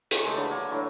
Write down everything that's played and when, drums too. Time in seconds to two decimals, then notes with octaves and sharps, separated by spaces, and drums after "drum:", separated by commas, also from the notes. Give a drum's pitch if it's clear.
0.11 D#3 C#4 G4 C5, drum: hi-hat
0.24 C#3 G#3 A3
0.36 D3 E3 F#3 C6
0.51 A#3
0.69 A2 D3 E3 F#3